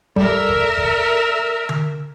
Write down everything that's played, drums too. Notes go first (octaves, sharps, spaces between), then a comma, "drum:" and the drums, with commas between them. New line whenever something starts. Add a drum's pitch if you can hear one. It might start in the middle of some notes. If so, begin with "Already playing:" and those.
G3 A4 A#4 D5 E5, drum: kick G1
drum: kick G1
drum: kick G1
drum: tom D3